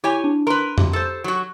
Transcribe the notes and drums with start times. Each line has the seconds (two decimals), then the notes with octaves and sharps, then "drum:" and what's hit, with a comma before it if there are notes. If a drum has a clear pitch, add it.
0.04 E4 G4 C#5 G#5
0.24 D4
0.47 A#4 B4 A#5 C6
0.78 G4, drum: tom F2
0.93 A4 C5
1.24 F#3 F#4